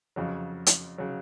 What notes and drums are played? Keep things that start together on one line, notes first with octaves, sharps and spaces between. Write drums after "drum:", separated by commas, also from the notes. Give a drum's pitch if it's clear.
F2 C#3 F#3
drum: hi-hat
C#3 F#3